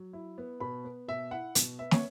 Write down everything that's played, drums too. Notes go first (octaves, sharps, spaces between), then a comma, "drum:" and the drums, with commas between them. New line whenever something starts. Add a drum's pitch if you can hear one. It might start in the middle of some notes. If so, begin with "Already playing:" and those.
Already playing: F#3
E4
B3
B2 B5
B3
B2 E5
E4 F#5
B2, drum: hi-hat
B3 E5
C#5, drum: snare